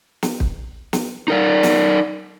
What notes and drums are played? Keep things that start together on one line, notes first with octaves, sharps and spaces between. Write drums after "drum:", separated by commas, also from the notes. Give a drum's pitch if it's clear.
drum: snare
drum: kick
drum: snare
D#4 A#4 D5
drum: snare